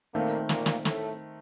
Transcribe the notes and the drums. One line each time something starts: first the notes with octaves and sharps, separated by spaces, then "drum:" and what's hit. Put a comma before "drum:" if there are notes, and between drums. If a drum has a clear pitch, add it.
A#2 D#3 A3 A#3 C4
A#2 A#3, drum: snare
drum: snare
A2 A3, drum: snare